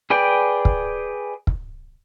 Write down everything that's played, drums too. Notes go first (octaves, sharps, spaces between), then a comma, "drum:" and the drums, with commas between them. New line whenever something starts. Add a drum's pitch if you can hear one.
G#4 B4 D5 G5
drum: kick
drum: kick